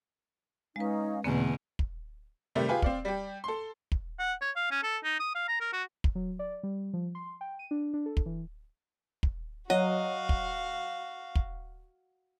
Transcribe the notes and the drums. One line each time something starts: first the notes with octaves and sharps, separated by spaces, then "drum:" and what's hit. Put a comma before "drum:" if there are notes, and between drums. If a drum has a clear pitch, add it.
G#3 C#4 D#4 B4 F5
E2 B2 D3 A#3 C4 B4 G#5
drum: kick
C3 D#3 G3 A3
F4 G4 G#4 B4 F5
C4 D5 F5, drum: kick
G3 G4
A4 C6
drum: kick
F#5
C#5
F5
C#4
A4
D#4
D#6
F5
A#5
A#4
F#4
drum: kick
F#3
D5
G3
F3
C6
G5
D#7
D4
D4
A4
drum: kick
E3
drum: kick
F#3 F#4 D#5 F5
drum: kick
drum: kick